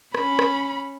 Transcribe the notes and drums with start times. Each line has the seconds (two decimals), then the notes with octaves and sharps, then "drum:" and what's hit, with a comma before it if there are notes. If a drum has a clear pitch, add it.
0.15 C#4 B5, drum: rim click
0.39 drum: rim click